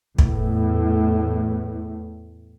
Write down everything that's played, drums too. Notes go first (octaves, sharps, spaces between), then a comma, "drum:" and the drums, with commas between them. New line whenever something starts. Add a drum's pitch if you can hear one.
E2 A2, drum: kick